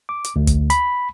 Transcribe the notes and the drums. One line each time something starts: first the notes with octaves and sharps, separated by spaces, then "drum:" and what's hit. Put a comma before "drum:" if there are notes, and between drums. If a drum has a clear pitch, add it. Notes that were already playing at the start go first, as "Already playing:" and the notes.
D6
drum: hi-hat
D2
drum: kick, hi-hat
B5, drum: hi-hat